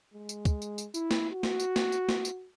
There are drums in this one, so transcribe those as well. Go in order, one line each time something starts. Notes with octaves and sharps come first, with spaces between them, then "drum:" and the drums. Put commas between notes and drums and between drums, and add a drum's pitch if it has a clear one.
G#3
drum: tambourine
drum: kick, tambourine
drum: tambourine
drum: tambourine
E4, drum: tambourine
drum: snare
F#4
drum: snare
drum: tambourine
drum: snare
drum: tambourine
drum: snare
drum: tambourine